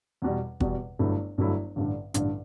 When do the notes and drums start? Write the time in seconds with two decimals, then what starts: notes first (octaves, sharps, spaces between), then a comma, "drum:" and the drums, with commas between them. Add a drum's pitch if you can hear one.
0.22 E2 B2 G3
0.60 E2 B2 G3, drum: kick
0.99 G1 G2 F#3 A3 E4
1.38 G1 G2 F#3 A3 E4
1.76 A1 G2 D3
2.14 A1 G2 D3, drum: hi-hat